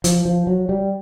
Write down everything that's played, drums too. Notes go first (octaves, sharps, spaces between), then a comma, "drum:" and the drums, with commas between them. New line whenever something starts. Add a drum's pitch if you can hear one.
F3, drum: hi-hat
F3
F#3
G3